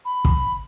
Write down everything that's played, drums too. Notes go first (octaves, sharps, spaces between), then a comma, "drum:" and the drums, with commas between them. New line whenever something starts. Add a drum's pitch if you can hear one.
B5
drum: kick